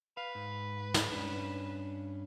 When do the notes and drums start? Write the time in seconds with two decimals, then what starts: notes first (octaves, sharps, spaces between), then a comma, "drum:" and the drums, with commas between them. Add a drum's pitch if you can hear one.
0.17 B4 F5
0.35 G#2
0.94 drum: snare
1.12 G2 C#4 D4